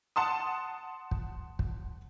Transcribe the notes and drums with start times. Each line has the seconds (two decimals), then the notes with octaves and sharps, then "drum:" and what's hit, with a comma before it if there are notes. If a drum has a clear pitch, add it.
0.16 F#5 A5 C6 D#6
1.11 drum: kick
1.59 drum: kick